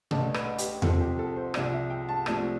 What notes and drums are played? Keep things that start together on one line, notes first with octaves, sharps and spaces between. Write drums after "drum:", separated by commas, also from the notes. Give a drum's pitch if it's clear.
A1 G2 D3 A3 D4 A5, drum: tom B2
B4, drum: rim click
G4, drum: hi-hat
C2 C3 F3 C4 A4, drum: tom E2
G4
A4
C5
C2 C3 F3 C4 D5, drum: rim click
E5
G5
A5
C2 C3 F3 A3 D4 A5, drum: rim click